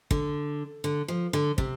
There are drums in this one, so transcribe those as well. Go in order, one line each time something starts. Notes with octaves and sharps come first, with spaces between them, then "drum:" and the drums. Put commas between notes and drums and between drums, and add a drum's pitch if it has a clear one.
D3, drum: kick
D3
F3
D3
C3, drum: kick